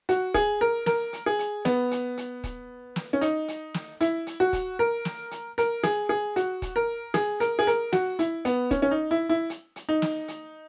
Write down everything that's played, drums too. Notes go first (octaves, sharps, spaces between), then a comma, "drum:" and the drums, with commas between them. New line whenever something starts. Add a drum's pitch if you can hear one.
F#4, drum: hi-hat
G#4, drum: kick, hi-hat
A#4
A#4, drum: snare
drum: hi-hat
G#4
drum: hi-hat
B3, drum: snare
drum: hi-hat
drum: hi-hat
drum: kick, hi-hat
drum: snare
C#4
D#4, drum: hi-hat
drum: hi-hat
drum: snare
E4, drum: hi-hat
drum: hi-hat
F#4
drum: kick, hi-hat
A#4
drum: snare
drum: hi-hat
A#4, drum: hi-hat
G#4, drum: snare
G#4
F#4, drum: hi-hat
drum: kick, hi-hat
A#4
G#4, drum: snare
A#4, drum: hi-hat
G#4
A#4, drum: hi-hat
F#4, drum: snare
E4, drum: hi-hat
B3, drum: hi-hat
C#4, drum: kick, hi-hat
C#4
D#4
E4
E4
drum: hi-hat
drum: hi-hat
D#4
drum: snare
drum: hi-hat